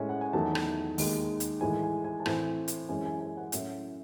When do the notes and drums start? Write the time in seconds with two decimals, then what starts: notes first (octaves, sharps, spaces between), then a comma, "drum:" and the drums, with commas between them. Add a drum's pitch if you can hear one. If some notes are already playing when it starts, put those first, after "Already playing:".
Already playing: A2 G#3 C#4 G#5
0.09 F#5
0.21 G#5
0.33 E2 D#3 F#3 A3 A5
0.55 drum: rim click
0.98 D#2 D#3 G#3, drum: open hi-hat
1.40 drum: hi-hat
1.61 A2 E3 G#3 G#5
1.83 G#5
2.04 G#5
2.20 A5
2.26 A2 E3 C4 G#5, drum: rim click
2.68 drum: hi-hat
2.89 F#2 E3 G#3 C#4 G#5
3.05 G#5
3.20 G#5
3.37 F#5
3.52 A2 F#3 C#4 E5, drum: hi-hat